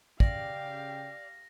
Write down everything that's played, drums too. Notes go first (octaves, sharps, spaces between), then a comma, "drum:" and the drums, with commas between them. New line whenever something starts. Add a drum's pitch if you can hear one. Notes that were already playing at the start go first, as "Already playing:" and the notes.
C#3 G4 D5 F5 G5 A#6, drum: kick